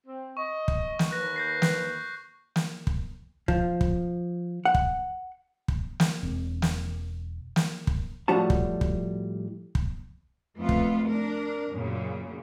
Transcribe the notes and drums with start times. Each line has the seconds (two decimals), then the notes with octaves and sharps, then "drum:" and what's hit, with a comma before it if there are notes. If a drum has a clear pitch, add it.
0.07 C4
0.37 D#5 C#6
0.68 drum: kick
0.99 drum: snare
1.11 D#2 B4 F#6 A#6
1.36 G6 A#6 C7
1.62 drum: snare
2.56 drum: snare
2.87 drum: kick
3.48 F3, drum: kick
3.81 drum: kick
4.65 F#5
4.75 drum: kick
5.68 drum: kick
6.00 drum: snare
6.23 E1 C4
6.62 drum: snare
7.56 drum: snare
7.87 drum: kick
8.28 A2 F3 G3 F#4 F#5 A5
8.50 drum: kick
8.81 drum: kick
9.75 drum: kick
10.56 F2 A3 B3 F4
10.69 drum: kick
11.07 D4 A#4
11.69 F#2 A#2 C#3